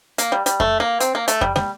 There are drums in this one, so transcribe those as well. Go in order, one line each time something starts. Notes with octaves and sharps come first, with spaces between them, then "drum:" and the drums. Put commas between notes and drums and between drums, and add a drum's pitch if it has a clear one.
A#3, drum: hi-hat
G3
G3, drum: hi-hat
A3, drum: kick F2
A#3
C4, drum: hi-hat
A#3
A3, drum: hi-hat
G3, drum: kick F2
G3, drum: snare